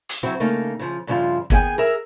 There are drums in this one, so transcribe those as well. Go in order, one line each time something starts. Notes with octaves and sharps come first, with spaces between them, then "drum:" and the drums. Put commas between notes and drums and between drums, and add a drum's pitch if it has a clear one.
drum: hi-hat
C#3 F#3 C4 E4 F#4
C#3 A3 A#3 D#4
C#3 F3
G2 C#3 F3 E4 F4
D#3 B3 G#4 E5 G5 G#5, drum: kick
G#4 A#4 E5